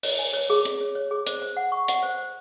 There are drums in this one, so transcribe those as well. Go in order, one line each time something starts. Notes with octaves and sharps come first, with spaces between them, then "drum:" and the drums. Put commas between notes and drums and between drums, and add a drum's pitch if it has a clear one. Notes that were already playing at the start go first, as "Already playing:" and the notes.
C#5, drum: open hi-hat
G#5
C#5
G#4
G#4, drum: hi-hat
C#5
C#5
G#4
C5, drum: hi-hat
C5
F#5
C#6
F#5, drum: hi-hat
C5
C5